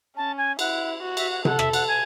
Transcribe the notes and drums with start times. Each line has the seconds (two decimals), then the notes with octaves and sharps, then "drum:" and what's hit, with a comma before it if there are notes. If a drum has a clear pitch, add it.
0.16 C#4 A5
0.37 G#5
0.59 E4 F#5, drum: cymbal
1.02 F#4
1.17 E5, drum: cymbal
1.31 F#5
1.45 A4 F#5, drum: tom C3
1.59 E5, drum: rim click
1.73 F#5, drum: cymbal
1.88 G#5